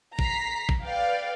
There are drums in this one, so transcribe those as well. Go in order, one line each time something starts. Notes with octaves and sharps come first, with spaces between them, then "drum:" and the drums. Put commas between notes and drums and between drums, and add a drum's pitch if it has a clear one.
A#5 B6 C7, drum: kick
drum: kick
B4 D5 F5 G5